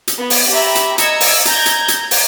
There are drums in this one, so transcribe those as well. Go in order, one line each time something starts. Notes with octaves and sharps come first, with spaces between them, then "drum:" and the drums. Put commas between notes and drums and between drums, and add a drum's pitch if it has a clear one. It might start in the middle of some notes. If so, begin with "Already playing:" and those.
drum: hi-hat
B3
drum: open hi-hat
G4 E5 A#5 B5
drum: hi-hat
D#5 A#5 E6 G#6 C#7, drum: hi-hat
drum: open hi-hat
A#5 G6 G#6, drum: hi-hat
drum: hi-hat
drum: hi-hat
drum: open hi-hat